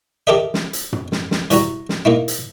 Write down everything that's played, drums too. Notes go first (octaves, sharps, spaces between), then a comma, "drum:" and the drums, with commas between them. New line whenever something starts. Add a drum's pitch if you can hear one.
G4 A4 A#4 D#5 E5
drum: snare
drum: hi-hat
drum: tom
drum: snare
drum: snare
E3 G3 F#4 A#5, drum: hi-hat
drum: snare
A#3 D#4 E4
drum: hi-hat